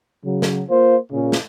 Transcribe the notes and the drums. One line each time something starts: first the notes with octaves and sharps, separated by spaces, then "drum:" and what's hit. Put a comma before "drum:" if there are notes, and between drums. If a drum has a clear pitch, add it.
C#3 F#3
drum: snare
A#3 F4 C5
A#2 C#3
drum: snare